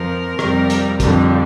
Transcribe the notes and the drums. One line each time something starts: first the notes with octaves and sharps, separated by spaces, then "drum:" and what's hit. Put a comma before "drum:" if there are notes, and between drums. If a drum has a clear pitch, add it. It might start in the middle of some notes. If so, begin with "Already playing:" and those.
Already playing: F2 F3 A#4
F2 C3 G3, drum: rim click
drum: hi-hat
F2 D3 G3, drum: kick, hi-hat